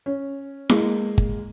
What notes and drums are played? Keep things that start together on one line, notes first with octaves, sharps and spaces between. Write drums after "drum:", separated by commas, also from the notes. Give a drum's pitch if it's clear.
C#4
G#3 A#3, drum: snare E4
drum: kick G1